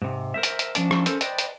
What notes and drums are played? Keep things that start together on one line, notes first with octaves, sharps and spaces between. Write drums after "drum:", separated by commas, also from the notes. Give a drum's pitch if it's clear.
G#2 C3
A#4 C5 E5
drum: hi-hat
drum: hi-hat
F3 C#4 D4, drum: hi-hat
drum: rim click
C#4 A4 A#4 C5, drum: hi-hat
B4 C5 D5 D#5 G5, drum: hi-hat
drum: hi-hat